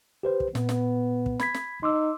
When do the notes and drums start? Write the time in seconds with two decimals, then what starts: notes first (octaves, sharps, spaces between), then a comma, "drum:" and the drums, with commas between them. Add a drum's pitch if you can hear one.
0.23 G4 B4 C5
0.40 drum: kick
0.55 A#2 B3, drum: snare
0.69 drum: snare
1.26 drum: kick
1.40 B5 G#6 B6, drum: snare
1.54 drum: snare
1.83 D#4 C6 D6 E6